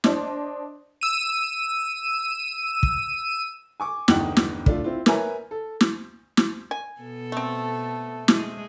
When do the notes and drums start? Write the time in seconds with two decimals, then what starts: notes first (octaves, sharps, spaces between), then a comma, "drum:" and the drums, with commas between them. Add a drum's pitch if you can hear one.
0.04 D4 C5 D#5, drum: snare
1.01 E6 D#7
2.83 drum: kick
3.80 G#5 C#6 D6
4.08 G1 E2 D#4 G5 F#6 F#7, drum: snare
4.37 drum: snare
4.66 A3 D4 F4, drum: kick
4.84 C4 E4 F4
5.06 A#4 B4 C#5 E5 G#5 A#5, drum: snare
5.51 A4
5.81 drum: snare
6.37 drum: snare
6.71 G#5
7.01 B2 B3 A4
7.32 A3 C4
8.28 G#3, drum: snare